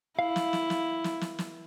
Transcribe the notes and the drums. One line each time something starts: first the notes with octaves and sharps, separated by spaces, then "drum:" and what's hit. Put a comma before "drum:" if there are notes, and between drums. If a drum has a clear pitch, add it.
E4 F5
drum: snare
drum: snare
drum: snare
drum: snare
drum: snare
drum: snare